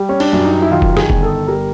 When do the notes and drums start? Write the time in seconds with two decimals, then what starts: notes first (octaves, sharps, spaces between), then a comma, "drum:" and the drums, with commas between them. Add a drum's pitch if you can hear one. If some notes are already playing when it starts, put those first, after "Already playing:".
Already playing: G3
0.09 C#4
0.20 D4, drum: cymbal
0.33 F#2
0.45 D#4
0.62 E4
0.71 D#3 F4
0.82 drum: kick F1
0.97 G#4, drum: snare
1.10 G1, drum: kick F1
1.23 A4
1.48 G3 A#4